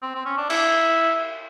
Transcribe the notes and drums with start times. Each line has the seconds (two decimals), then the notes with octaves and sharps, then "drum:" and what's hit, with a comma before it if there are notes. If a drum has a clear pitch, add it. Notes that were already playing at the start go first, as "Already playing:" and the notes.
0.03 C4
0.15 C4
0.26 C#4
0.38 D4
0.50 E4, drum: cymbal